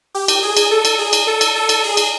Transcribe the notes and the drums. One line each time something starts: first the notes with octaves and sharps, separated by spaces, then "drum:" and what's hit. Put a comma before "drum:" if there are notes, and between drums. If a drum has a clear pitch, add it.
G4
drum: cymbal
G#4
drum: cymbal
A4
drum: cymbal
G#4
drum: cymbal
A4
drum: cymbal
A4
drum: cymbal
G#4
drum: cymbal